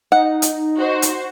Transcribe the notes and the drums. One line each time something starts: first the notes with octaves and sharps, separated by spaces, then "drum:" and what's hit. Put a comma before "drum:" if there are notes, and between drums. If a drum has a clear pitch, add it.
D#4 F#5
drum: hi-hat
F#4 C5
drum: hi-hat